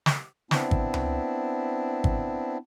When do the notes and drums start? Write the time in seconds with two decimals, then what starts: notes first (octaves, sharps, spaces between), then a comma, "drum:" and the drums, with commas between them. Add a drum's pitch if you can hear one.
0.06 drum: snare
0.51 B3 C4 D4 E4, drum: snare
0.71 drum: kick
0.94 drum: tom C#2
2.04 drum: kick